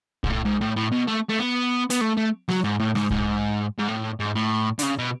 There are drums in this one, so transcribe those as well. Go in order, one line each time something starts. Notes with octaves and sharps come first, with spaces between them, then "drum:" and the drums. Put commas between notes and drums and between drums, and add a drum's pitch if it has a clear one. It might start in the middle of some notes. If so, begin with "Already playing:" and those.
G#2, drum: kick
A2
G#2
A2
A2
B2
A3
A3
B3
B3, drum: hi-hat
A3
A3
F#3, drum: snare
G#2
A2
G#2, drum: snare
G#2, drum: kick
G#2
A2
G#2
A2
D3, drum: hi-hat
C#3
B2